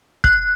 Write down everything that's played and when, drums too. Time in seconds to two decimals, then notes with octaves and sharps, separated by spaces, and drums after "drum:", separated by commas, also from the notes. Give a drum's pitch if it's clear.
0.24 F#6, drum: kick